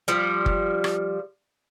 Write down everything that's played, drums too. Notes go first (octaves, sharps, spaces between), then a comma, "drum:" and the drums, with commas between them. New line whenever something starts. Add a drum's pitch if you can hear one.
F3 G3
drum: kick
drum: rim click